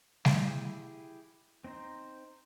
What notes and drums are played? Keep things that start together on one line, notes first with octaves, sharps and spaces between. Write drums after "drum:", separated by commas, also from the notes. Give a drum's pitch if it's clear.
E4 G4 G#4, drum: snare G3
C4 D#4 C5 A#5